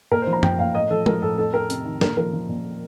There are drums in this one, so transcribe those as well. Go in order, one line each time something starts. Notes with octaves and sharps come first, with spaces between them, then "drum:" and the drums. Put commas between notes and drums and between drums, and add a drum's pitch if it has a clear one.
A#2 A#4
C5
F3
A#5
F3 G5, drum: tom F#2
A#2 F5
A2 D#5
F3 A4
F3 A#4, drum: tom G#3
A2 A4
F2 A4
F2 A#4
C3, drum: hi-hat
D#3
A#2 A#4, drum: snare
F3 A#4
F3
A#2